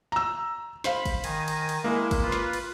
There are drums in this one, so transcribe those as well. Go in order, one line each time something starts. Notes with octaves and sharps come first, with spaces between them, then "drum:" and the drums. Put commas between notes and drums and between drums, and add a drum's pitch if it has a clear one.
A#5 E6
C5 F5 B5, drum: snare
drum: kick, cymbal
D#3 G#5 A#6, drum: cymbal
drum: cymbal
drum: cymbal
G#3 A#3 E4
drum: kick, cymbal
F4 B4
drum: snare
drum: cymbal